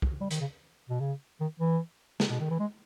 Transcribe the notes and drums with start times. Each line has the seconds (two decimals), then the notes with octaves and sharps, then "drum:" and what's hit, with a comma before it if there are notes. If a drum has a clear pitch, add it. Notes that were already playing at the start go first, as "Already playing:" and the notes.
0.02 drum: kick
0.21 G3
0.31 D#3, drum: hi-hat
0.41 C#3
0.90 B2
1.00 C#3
1.41 D#3
1.60 E3
2.20 C#3, drum: snare
2.30 B2
2.40 D#3
2.50 E3
2.60 G#3